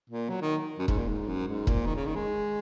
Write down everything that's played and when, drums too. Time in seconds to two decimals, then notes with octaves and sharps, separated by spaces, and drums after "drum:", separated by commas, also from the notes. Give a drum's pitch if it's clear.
0.10 A#2
0.29 F#3
0.41 D#3
0.79 F#2
0.88 G#2, drum: kick
0.98 A#2
1.08 G#2
1.27 F#2
1.48 G#2
1.67 A#2, drum: kick
1.86 D#3
1.96 C#3
2.06 D#3
2.15 G#3